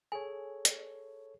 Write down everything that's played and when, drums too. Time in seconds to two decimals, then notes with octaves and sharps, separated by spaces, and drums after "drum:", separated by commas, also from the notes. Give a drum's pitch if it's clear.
0.12 G#4 A4 C#5 G#5
0.65 drum: hi-hat